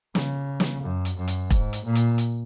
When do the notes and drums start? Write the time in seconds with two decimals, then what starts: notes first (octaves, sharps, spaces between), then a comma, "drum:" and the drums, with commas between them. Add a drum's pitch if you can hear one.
0.15 C#3, drum: snare
0.60 drum: snare
0.82 F#2
1.05 drum: hi-hat
1.17 F#2
1.28 drum: hi-hat
1.50 G#2, drum: kick E1, hi-hat
1.73 drum: hi-hat
1.85 A#2
1.95 drum: hi-hat
2.18 drum: hi-hat